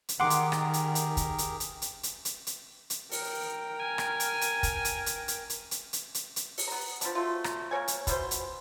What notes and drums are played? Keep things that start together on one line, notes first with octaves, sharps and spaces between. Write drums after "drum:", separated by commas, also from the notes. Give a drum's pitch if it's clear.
drum: hi-hat
D#3 G4 G#4 A#4 F#5 C6 D6
drum: hi-hat
drum: rim click
drum: hi-hat
drum: hi-hat
drum: kick, hi-hat
drum: hi-hat
drum: hi-hat
drum: hi-hat
drum: hi-hat
drum: hi-hat
drum: hi-hat
drum: hi-hat
A#4 G5, drum: open hi-hat
G#5
drum: rim click
drum: hi-hat
drum: hi-hat
drum: kick, hi-hat
drum: hi-hat
drum: hi-hat
drum: hi-hat
drum: hi-hat
drum: hi-hat
drum: hi-hat
drum: hi-hat
drum: hi-hat
drum: open hi-hat
B3 A#5
F3 B3 D4, drum: hi-hat
F#3 A3 F4
drum: rim click
A#3 A#4 C#5 G#5
drum: hi-hat
B2 E3 D4 C5, drum: kick, hi-hat
drum: hi-hat